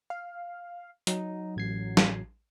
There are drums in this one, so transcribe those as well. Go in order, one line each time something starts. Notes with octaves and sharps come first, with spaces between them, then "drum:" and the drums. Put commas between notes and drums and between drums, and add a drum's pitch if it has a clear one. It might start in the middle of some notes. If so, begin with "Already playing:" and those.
F5
F#3 D#4, drum: hi-hat
A1 G#6 C7
drum: snare